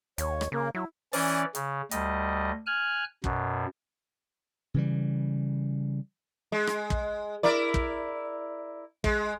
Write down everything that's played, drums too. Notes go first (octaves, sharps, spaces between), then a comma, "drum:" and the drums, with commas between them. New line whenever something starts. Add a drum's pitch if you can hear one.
D#2 C#5, drum: hi-hat
drum: rim click
C#3 A#3
F#3 E4
E3 C#4 D5, drum: open hi-hat
C#3, drum: hi-hat
D2 G3 D#5, drum: hi-hat
G#5 F6 F#6
F#2 B2, drum: kick
C#3 E3 G3
G#3
drum: rim click
drum: kick
E4 A#4 D5
drum: kick
G#3, drum: kick